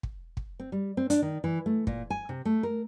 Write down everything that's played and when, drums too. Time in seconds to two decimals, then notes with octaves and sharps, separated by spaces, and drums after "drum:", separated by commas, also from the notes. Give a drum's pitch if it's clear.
0.03 drum: kick
0.37 drum: kick
0.60 C4
0.72 G3
0.97 C4
1.10 D4, drum: hi-hat
1.22 D#3
1.44 E3
1.66 A3
1.87 A#2, drum: kick
2.10 G#5
2.29 C3
2.45 A3
2.63 A#4